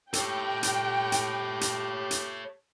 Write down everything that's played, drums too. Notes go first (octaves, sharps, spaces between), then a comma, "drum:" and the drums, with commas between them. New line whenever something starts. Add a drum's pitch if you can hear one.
G4 A4 C#5 G5, drum: hi-hat
drum: hi-hat
drum: hi-hat
drum: hi-hat
drum: hi-hat